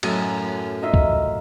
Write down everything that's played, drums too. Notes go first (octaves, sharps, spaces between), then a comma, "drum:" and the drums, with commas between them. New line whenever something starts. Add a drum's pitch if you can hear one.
F#2 A2 A4 A#4 G#5 D#6, drum: cymbal
D#4 F4 E5
drum: kick C#2